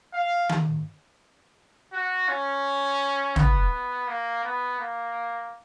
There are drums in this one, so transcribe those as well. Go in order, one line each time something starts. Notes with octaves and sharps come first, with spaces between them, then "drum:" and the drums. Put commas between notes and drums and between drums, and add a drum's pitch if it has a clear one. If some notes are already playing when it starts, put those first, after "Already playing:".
F5
drum: tom D#3
F#4
C#4
B3, drum: tom
A#3
B3
A#3